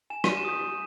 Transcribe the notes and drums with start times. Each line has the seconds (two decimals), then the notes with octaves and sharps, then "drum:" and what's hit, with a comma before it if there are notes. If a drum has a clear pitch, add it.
0.10 G#5 E7
0.24 D#7, drum: rim click
0.37 E7
0.45 D#6 G6